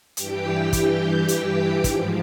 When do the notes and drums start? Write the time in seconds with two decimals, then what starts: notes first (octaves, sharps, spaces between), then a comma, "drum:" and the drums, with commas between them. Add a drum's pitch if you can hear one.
0.17 G2 E3 G4 G5, drum: hi-hat
0.73 drum: kick, hi-hat
1.28 drum: hi-hat
1.84 G#2 F3, drum: kick, hi-hat